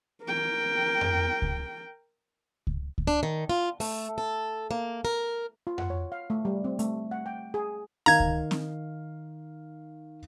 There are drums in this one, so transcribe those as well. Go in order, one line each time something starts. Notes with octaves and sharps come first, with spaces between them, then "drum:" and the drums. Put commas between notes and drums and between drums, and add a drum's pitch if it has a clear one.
A#4 G5
drum: tom F2
drum: kick C#2
drum: kick C#2
drum: kick C#2
D4
D#3
F4
A3, drum: open hi-hat
A4
A#3
A#4
F4
F#5, drum: tom F2
C#5
F5
A3
G3
C4
A3, drum: hi-hat
F#5
G5
G#4
D#3 F5 A#5 G#6
drum: kick C#2
drum: snare C4